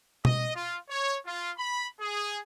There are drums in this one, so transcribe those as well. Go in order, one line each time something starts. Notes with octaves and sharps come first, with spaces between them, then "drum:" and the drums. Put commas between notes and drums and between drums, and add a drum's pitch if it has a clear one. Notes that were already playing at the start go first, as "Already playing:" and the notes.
D#5, drum: tom B2
F4
C#5
F4
B5
G#4